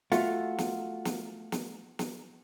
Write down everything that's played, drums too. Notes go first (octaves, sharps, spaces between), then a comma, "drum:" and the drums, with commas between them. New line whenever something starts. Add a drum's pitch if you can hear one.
A3 F4 F#4, drum: snare
drum: snare
drum: snare
drum: snare
drum: snare